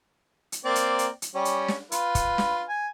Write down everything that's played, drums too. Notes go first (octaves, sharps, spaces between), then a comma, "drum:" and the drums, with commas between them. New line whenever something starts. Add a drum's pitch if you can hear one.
drum: hi-hat
A#3 C4 D5
drum: hi-hat
drum: hi-hat
drum: hi-hat
G3 C#4
drum: hi-hat
drum: snare
F4 B4, drum: hi-hat
drum: kick, hi-hat
drum: snare
G#5